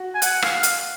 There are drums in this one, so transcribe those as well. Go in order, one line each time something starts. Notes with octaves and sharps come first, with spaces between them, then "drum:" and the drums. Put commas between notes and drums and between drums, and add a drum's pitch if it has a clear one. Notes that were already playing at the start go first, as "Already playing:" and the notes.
Already playing: F#4
G#5
F#5, drum: hi-hat
F5, drum: rim click
drum: hi-hat